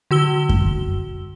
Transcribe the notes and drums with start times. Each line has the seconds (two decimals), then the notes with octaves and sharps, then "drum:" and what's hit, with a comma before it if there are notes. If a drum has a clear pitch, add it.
0.11 D3 F#4 E6 G7
0.49 drum: kick F#2